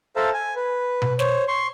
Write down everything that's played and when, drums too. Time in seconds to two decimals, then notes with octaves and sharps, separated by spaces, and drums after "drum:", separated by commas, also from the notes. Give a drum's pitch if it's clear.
0.16 A4 C5 E5 F5 A5 A#5
0.34 G#5
0.56 B4
1.02 drum: tom B2
1.19 C5 C#5, drum: snare
1.48 C6 C#6